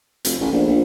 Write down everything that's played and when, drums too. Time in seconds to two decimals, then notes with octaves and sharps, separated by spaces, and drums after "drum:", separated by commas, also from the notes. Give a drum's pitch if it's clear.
0.25 F1, drum: hi-hat
0.40 A1
0.52 A#1
0.67 A#1